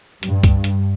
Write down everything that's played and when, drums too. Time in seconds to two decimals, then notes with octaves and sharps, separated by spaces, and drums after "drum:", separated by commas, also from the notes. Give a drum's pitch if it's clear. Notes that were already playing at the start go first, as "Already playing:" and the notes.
0.23 G2, drum: hi-hat
0.44 drum: kick, hi-hat
0.64 drum: hi-hat